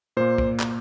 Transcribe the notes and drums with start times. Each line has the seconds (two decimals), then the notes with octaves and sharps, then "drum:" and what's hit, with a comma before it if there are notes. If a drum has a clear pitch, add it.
0.17 A#2 A#3 C5
0.38 drum: kick
0.60 drum: clap